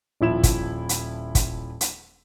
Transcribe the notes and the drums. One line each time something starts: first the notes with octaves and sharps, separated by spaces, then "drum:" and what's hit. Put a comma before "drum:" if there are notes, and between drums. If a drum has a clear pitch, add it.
D#1 F3 E4 E7
drum: kick, hi-hat
drum: hi-hat
drum: kick, hi-hat
drum: hi-hat